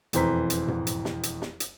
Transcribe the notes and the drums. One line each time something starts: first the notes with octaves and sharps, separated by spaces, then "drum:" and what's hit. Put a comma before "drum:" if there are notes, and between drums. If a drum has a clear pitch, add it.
E1 F2 E3 C5 A#5 B6, drum: hi-hat
drum: hi-hat
drum: tom
drum: hi-hat
drum: snare
drum: hi-hat
drum: snare
drum: hi-hat